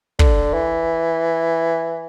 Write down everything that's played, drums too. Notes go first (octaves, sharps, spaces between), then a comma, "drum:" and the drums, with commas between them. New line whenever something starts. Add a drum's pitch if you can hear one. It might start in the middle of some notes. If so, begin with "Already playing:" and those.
D3, drum: kick
E3